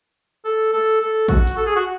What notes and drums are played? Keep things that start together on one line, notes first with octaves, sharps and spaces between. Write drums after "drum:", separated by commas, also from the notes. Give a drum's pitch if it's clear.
A4
A4
A4
F#4, drum: kick
drum: hi-hat
A4
G#4
F#4